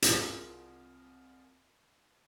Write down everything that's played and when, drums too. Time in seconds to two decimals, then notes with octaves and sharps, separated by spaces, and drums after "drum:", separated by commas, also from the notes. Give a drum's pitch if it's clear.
0.02 C2 F4 G#4 A#4, drum: hi-hat